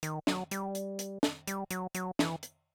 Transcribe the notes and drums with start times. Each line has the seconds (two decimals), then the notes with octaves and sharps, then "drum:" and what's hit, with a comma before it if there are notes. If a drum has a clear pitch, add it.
0.03 D#3, drum: hi-hat
0.27 F#3, drum: snare
0.51 G3, drum: hi-hat
0.75 drum: hi-hat
0.99 drum: hi-hat
1.23 drum: snare
1.47 G3, drum: hi-hat
1.70 F#3, drum: hi-hat
1.95 F#3, drum: hi-hat
2.19 E3, drum: snare
2.43 drum: hi-hat